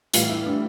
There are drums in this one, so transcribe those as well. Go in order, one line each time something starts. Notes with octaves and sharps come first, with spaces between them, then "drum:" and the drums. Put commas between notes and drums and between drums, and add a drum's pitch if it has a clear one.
A2 E3 G3 F4, drum: hi-hat
E4
D4